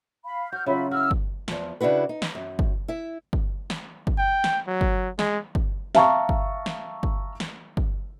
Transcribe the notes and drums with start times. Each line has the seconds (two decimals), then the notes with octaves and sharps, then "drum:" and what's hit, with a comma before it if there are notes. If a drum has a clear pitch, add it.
0.25 F5 B5
0.52 F#4 F6 G6
0.66 C#3 F#3 F4 E5 B5
0.91 E4 F#4 E6 F6
1.11 drum: kick
1.48 E2 F3, drum: snare
1.81 C#3 D4 E4 F#4 B4
2.09 D#4
2.22 drum: snare
2.35 F#2
2.59 drum: kick
2.88 E4 E5
3.33 drum: kick
3.70 drum: snare
4.07 drum: kick
4.18 G5
4.44 drum: snare
4.67 F#3
4.81 drum: kick
5.19 G#3, drum: snare
5.55 drum: kick
5.95 E5 F5 A5 A#5 C#6, drum: snare
6.29 drum: kick
6.66 drum: snare
7.03 drum: kick
7.40 drum: snare
7.77 drum: kick